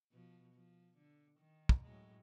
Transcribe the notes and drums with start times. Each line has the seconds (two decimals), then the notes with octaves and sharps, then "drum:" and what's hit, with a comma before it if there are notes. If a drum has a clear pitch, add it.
0.12 B2 F3
0.54 F3
0.98 D3
1.39 D#3
1.69 drum: kick
1.84 F#2 A2 G#3